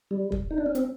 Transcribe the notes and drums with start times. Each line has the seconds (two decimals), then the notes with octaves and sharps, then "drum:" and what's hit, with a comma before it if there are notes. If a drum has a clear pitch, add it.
0.11 G3
0.32 drum: kick
0.51 D#4
0.58 D4
0.66 C#4
0.75 C4, drum: hi-hat